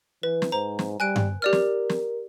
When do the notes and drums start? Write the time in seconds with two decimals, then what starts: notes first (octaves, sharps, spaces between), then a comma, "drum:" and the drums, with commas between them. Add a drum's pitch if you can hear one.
0.23 E3 B4
0.42 drum: snare
0.52 G#2 C5 A#5
0.79 drum: snare
1.00 G3 G#5 F#6 D7
1.16 drum: tom G2
1.42 G4 A#4 D5 F6
1.53 drum: snare
1.90 drum: snare